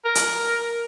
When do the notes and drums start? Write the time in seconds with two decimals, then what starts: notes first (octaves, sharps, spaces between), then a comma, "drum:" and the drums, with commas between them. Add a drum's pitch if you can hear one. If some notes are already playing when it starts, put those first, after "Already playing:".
0.05 A#4
0.15 drum: hi-hat